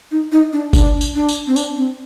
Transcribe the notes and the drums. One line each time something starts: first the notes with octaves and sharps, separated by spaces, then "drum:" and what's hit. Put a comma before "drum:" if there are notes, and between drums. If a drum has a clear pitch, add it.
D#4
D#4
D4
D4, drum: kick F#1, tambourine
drum: tambourine
D4
drum: tambourine
C4
D4, drum: tambourine
C4